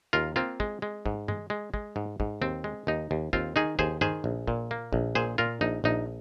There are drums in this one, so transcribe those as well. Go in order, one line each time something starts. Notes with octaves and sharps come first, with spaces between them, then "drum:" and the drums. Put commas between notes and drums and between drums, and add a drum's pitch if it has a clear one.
D#2 F4 A#4
A#3 C4 F4
G#3, drum: kick
G#3
G#2, drum: kick
G#3, drum: tom G2
G#3
G#3, drum: kick
G#2
G#2, drum: kick
D#2 C4
G#3
D#2 D#4
D#2
D#2 C4 F4, drum: kick
D#3 D#4 G#4
D#2 G#4 C5, drum: kick
D#3 G#4 C5, drum: tom G2
A#1
A#2, drum: kick
A#3
A#1, drum: kick
A#2 G#4 C5
A#2 F4 A#4
A#1 D#4
A#1 D#4